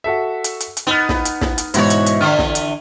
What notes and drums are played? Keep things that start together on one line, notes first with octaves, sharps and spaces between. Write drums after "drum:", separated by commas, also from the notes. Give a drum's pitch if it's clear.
F#4 A4 E5
drum: hi-hat
drum: hi-hat
drum: hi-hat
B3 D#4 F6
drum: snare
drum: hi-hat
drum: snare
drum: hi-hat
G#2 B2 E3 E4 F#4 C#5, drum: hi-hat
drum: hi-hat
drum: hi-hat
D3 E3 F6
drum: snare
drum: hi-hat